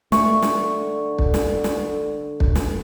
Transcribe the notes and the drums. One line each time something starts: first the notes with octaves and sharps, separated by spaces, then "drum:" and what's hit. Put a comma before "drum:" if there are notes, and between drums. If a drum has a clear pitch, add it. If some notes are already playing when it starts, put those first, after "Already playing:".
D3 A3 C#6, drum: snare
drum: snare
drum: kick
drum: snare
drum: snare
drum: kick
drum: snare